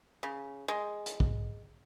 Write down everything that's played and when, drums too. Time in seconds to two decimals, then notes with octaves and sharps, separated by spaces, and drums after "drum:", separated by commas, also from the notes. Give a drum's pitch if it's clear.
0.23 C#3
0.68 G#3
1.06 drum: hi-hat
1.20 drum: kick